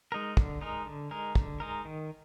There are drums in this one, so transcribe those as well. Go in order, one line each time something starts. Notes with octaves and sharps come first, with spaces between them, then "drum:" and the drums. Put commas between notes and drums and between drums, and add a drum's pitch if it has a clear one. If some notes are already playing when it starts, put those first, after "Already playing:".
G#3 D#4 A#4
D3, drum: kick
G#3 D#4 A#4
D3
G#3 D#4 A#4
D3, drum: kick
G#3 D#4 A#4
D#3